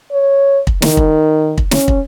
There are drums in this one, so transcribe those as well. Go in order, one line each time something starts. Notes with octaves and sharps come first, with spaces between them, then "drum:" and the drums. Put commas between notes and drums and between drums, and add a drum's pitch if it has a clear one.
C#5
drum: kick
D#3, drum: snare
drum: kick
drum: kick
C#4, drum: snare
drum: kick